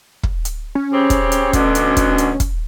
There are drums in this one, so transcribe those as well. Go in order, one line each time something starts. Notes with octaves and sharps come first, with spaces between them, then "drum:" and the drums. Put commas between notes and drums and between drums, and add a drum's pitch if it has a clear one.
drum: kick
drum: hi-hat
C#4
C#3 C4 G4
drum: kick, hi-hat
drum: hi-hat
D2 B2 D3, drum: kick, hi-hat
drum: hi-hat
drum: kick, hi-hat
drum: hi-hat
drum: kick, hi-hat